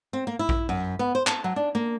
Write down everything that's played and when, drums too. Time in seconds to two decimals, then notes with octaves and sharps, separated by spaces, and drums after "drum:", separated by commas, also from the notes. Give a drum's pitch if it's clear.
0.13 C4
0.27 A#3
0.39 E4
0.49 drum: kick A#1
0.69 F#2
0.99 B3
1.15 C5
1.27 A5, drum: clap
1.44 F#3
1.56 D4
1.75 A#3